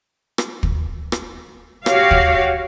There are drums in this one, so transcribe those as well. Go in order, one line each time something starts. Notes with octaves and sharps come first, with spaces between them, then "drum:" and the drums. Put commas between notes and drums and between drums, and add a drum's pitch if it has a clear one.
drum: rim click
drum: kick
drum: rim click
F#4 G4 C#5 F5, drum: rim click
drum: kick